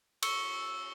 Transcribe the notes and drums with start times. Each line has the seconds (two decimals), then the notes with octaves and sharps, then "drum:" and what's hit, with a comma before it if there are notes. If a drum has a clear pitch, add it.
0.22 C#6 E6 C#7 G7, drum: cymbal